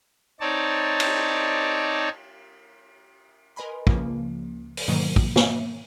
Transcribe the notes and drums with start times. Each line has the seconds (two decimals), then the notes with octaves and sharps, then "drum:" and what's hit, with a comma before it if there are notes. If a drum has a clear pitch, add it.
0.40 C4 D#4 C#5 D5 A5
1.00 drum: cymbal
3.56 A#4 B4 D#5 G#5 B5 C6
3.87 C#2 C#3 F3 A#3, drum: kick
4.77 drum: open hi-hat
4.88 G#2 B2 D#3 E3 F#3 A#3
5.16 drum: kick
5.36 A#3 C#5 E5, drum: snare